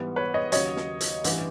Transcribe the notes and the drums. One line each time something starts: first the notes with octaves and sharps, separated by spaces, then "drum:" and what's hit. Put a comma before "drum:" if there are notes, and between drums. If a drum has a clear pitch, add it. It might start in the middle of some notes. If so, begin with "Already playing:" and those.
Already playing: G#2 E3 G3 B3
B4 C#5
C#5 D#5
D#2 C#3 F#3 C#5 D#5, drum: hi-hat
drum: snare
drum: hi-hat
A1 G2 E3, drum: hi-hat